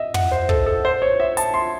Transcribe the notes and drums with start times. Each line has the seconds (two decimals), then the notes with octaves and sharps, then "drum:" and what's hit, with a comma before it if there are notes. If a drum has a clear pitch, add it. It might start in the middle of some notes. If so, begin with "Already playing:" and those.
Already playing: D#5 E5
0.14 F#5, drum: tom
0.32 C5
0.49 A4, drum: kick
0.66 A4
0.85 C5
1.02 C#5
1.20 E5
1.37 A5, drum: hi-hat
1.54 C6